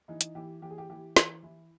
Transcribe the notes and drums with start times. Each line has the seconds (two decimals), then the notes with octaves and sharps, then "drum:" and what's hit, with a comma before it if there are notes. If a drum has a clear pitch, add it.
0.08 E3 D#4
0.21 drum: hi-hat
0.35 E3 G4
0.62 E3 G4
0.70 G#4
0.78 G4
0.90 E3 G4
1.17 E3, drum: snare
1.43 E3 E4